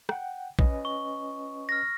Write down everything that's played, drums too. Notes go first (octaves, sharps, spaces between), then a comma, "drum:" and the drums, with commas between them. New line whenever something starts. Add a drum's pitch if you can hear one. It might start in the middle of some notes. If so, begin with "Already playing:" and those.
F#5 G5, drum: rim click
C#4 B4 D#5, drum: kick
C#6
F6 A#6